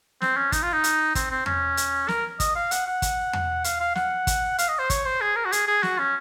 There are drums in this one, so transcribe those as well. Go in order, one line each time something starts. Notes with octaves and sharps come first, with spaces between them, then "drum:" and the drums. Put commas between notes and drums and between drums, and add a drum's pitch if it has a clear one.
C4, drum: snare
C#4
D#4, drum: kick, hi-hat
F4
D#4
drum: hi-hat
C4, drum: kick, hi-hat
C4
C#4, drum: tom E2
drum: hi-hat
A#4, drum: snare
D#5, drum: kick, hi-hat
F5
F#5, drum: hi-hat
F#5
drum: kick, hi-hat
drum: tom E2
F5, drum: hi-hat
F5
F#5, drum: snare
drum: kick, hi-hat
F5, drum: hi-hat
D#5
C5
C#5, drum: kick, hi-hat
C5
G#4
A#4
F#4
G#4, drum: hi-hat
G#4
F#4, drum: snare
C#4